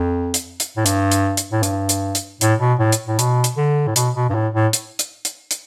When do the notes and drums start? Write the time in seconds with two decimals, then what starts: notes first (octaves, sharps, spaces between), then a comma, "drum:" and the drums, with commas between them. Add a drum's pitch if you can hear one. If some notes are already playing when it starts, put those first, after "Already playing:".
Already playing: F2
0.34 drum: hi-hat
0.60 drum: hi-hat
0.77 A2
0.86 G2, drum: hi-hat
1.12 drum: hi-hat
1.37 drum: hi-hat
1.52 A2
1.63 G2, drum: hi-hat
1.89 drum: hi-hat
2.15 drum: hi-hat
2.41 A2, drum: hi-hat
2.60 B2
2.79 A2
2.92 drum: hi-hat
3.08 A2
3.19 B2, drum: hi-hat
3.44 drum: hi-hat
3.57 D3
3.87 A2
3.96 B2, drum: hi-hat
4.15 B2
4.30 G2
4.35 A2
4.54 A2
4.73 drum: hi-hat
4.99 drum: hi-hat
5.25 drum: hi-hat
5.51 drum: hi-hat